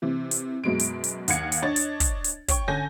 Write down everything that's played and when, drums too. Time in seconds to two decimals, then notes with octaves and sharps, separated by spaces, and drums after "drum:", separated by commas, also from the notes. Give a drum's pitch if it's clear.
0.02 C3 E3
0.31 drum: hi-hat
0.64 F#2 B2 G#3 D7
0.79 drum: hi-hat
1.04 drum: hi-hat
1.28 D#2 F5 F#5 G#6 C#7, drum: hi-hat
1.52 drum: hi-hat
1.62 D4 C#5 D#5 A6
1.76 drum: hi-hat
2.00 drum: kick, hi-hat
2.24 drum: hi-hat
2.48 C#5 G5 C#6, drum: kick, hi-hat
2.68 D3 C#4 A4 G#5 G6 A#6